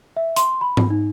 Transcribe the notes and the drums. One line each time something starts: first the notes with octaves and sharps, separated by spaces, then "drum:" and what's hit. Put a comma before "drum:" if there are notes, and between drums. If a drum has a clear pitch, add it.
E5
C6, drum: hi-hat
B5
drum: tom G#2
D#4